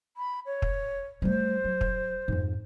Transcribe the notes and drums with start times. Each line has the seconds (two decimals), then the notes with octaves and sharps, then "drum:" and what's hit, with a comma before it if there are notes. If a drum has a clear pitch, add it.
0.17 B5
0.46 C#5
0.62 drum: kick
1.22 G3 A3 C5
1.64 F#3
1.81 drum: kick
2.28 F2 G#2